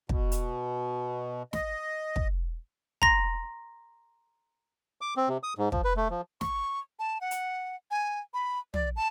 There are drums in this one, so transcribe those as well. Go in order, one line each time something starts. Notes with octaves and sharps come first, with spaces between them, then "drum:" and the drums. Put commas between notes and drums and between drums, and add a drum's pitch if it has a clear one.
B2, drum: kick
drum: hi-hat
D#5, drum: snare
drum: kick
A#5 C6 A#6, drum: kick
D6
C4
C3
D#6
G#2
F3, drum: kick
B4
A3
F3
C#6, drum: snare
A5
F#5
drum: hi-hat
G#5
B5
D5, drum: tom
A5